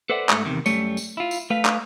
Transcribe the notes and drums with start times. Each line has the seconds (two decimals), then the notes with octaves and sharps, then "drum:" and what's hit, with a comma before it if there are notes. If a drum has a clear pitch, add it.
0.10 A4 B4 C5 D5 E5 F#5
0.29 G#2 A3, drum: clap
0.45 E2 A2 C3 D#3
0.66 F#2 G3 A3 C#5, drum: tambourine
0.97 drum: tambourine
1.17 E4 F4
1.31 drum: tambourine
1.50 A3 B4 F5
1.65 drum: clap